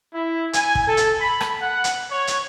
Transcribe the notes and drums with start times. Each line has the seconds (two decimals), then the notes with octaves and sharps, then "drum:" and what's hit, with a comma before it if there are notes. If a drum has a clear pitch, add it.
0.13 E4
0.53 G#5, drum: hi-hat
0.75 drum: kick
0.86 A4
0.97 drum: hi-hat
1.19 B5
1.41 drum: rim click
1.61 F#5
1.84 drum: hi-hat
2.10 C#5
2.27 drum: hi-hat